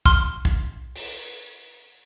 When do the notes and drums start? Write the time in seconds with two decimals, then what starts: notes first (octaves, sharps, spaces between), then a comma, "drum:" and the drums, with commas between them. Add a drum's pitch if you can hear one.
0.06 C6 F6, drum: kick
0.45 drum: kick
0.96 drum: open hi-hat